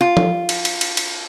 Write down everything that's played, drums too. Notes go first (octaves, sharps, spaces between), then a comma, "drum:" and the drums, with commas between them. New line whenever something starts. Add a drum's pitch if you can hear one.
F4
drum: tom F3
drum: cymbal
drum: cymbal
drum: cymbal
drum: cymbal